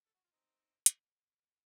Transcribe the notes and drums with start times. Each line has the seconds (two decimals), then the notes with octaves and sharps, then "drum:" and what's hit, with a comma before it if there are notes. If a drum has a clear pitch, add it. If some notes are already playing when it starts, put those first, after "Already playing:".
0.06 A4
0.14 F#4
0.24 F4
0.32 C4 D#4
0.86 drum: hi-hat